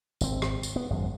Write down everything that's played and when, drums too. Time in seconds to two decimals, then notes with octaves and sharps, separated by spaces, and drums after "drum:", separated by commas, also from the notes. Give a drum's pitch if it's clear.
0.21 G#1 C4, drum: tambourine
0.42 drum: rim click
0.63 drum: tambourine
0.76 B3
0.91 G#1 F#2 G#3